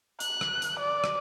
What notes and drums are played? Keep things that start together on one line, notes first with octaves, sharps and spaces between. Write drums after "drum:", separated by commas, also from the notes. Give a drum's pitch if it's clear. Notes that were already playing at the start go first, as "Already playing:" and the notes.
F#6, drum: hi-hat
drum: rim click
drum: hi-hat
D5
drum: rim click